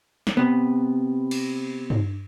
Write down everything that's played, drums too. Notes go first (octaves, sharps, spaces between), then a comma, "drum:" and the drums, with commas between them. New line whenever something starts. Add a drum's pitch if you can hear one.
drum: snare
C3 B3
drum: cymbal
drum: tom G2